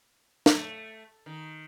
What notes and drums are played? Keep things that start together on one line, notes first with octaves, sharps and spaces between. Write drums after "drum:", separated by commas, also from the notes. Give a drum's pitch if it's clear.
A3, drum: snare
D#3